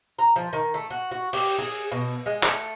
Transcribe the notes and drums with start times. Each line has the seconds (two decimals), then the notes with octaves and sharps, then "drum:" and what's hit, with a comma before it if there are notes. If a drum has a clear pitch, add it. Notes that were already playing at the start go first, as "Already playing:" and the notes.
0.19 A#5
0.36 F3
0.53 D#3
0.74 A3
0.90 F#4
1.11 F#4
1.33 G4, drum: cymbal
1.59 G#4
1.91 B2
2.26 G#3
2.43 A3, drum: clap